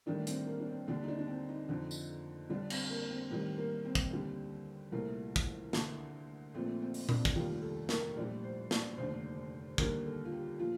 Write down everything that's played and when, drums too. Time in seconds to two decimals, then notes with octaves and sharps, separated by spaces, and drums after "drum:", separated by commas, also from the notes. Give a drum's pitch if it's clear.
0.06 A1 G2 D#3 A3 D4
0.27 C4, drum: hi-hat
0.47 A#3
0.60 D4
0.67 C4
0.87 D#2 D3 G3 D4
1.03 D#4
1.08 D4
1.18 D4
1.28 C4
1.49 D#4
1.68 F2 D3 F3
1.91 drum: tambourine
2.50 G1 G2 D3 G3 D4
2.70 C4, drum: cymbal
2.90 A#3
3.10 C4
3.30 A1 G2 D#3 G3 C4
3.58 A#3
3.85 C4
3.95 drum: kick
4.11 D#2 D3 G3
4.92 C2 A#2 A3 A#3
5.36 drum: kick
5.73 D2 D3 A3, drum: snare
6.54 A#1 A#2 F3 A3 C4
6.82 C4
6.94 drum: open hi-hat
7.09 D4, drum: tom A#2
7.25 drum: kick
7.35 F1 D#2 D#3 G3 F4
7.62 A4
7.89 A#4, drum: snare
8.16 A#1 A2 G3 D5
8.44 C5
8.71 D5, drum: snare
8.97 F1 D#2 D3 C5
9.78 D#2 D3 G3 A#4, drum: kick
10.06 A4
10.25 F4
10.32 G4
10.59 A#2 F3 F4